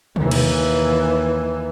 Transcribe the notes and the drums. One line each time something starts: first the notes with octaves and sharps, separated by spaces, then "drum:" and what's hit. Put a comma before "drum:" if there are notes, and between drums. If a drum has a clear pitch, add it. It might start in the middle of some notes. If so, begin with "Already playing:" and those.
D#2 E3, drum: tom
drum: cymbal